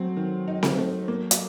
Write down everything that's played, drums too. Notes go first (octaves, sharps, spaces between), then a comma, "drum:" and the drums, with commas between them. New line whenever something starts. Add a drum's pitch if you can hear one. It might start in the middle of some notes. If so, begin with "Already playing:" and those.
Already playing: F#3 A3 C4
D#3
D#4
drum: snare C4
A3
A#3
drum: hi-hat